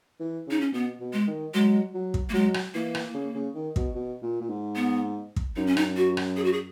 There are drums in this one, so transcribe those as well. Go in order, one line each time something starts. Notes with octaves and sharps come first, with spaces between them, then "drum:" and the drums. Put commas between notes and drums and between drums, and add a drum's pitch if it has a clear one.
E3
C#3 D#4
C#4
B2 B3
B2
G#3
D#3
F#3 G#3
F#3
drum: kick
A#3
F#3 G#3
drum: rim click
E3 A#3
drum: rim click
C#3
C#3
D#3
B2, drum: kick
B2
A#2
A#2
G#2
B3
drum: kick
F#2 D#4
C#4
D#4, drum: rim click
F#4
drum: rim click
G#4
F#4
G#4